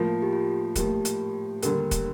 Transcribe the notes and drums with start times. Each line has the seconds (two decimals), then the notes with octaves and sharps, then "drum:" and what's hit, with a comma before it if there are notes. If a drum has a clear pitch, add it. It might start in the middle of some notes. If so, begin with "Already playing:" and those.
Already playing: A2 F3 A#3 F4
0.22 G4
0.33 F4
0.76 A2 F3 A#3 G4, drum: kick, hi-hat
1.05 drum: hi-hat
1.63 D#2 D3 G3 G4 A#4, drum: hi-hat
1.91 drum: kick, hi-hat